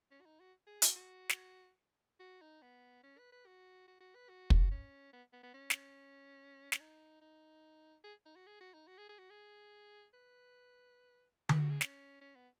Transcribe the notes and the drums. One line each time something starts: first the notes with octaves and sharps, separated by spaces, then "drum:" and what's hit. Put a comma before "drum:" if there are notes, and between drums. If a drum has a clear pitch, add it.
C#4
F#4
D#4
F#4
G#4
F#4, drum: hi-hat
F#4
drum: snare
F#4
D#4
B3
C#4
B4
B4
F#4
F#4
F#4
B4
F#4
drum: kick
C#4
B3
B3
B3
C#4
drum: snare
C#4, drum: snare
D#4
D#4
G#4
D#4
F#4
G#4
F#4
D#4
F#4
G#4
G#4
F#4
G#4
B4
B4, drum: tom D3
F#4
G#4
C#4, drum: snare
C#4
B3